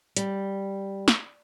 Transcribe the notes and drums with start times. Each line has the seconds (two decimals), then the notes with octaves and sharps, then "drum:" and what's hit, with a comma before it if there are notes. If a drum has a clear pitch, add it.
0.16 G3, drum: hi-hat
1.08 drum: snare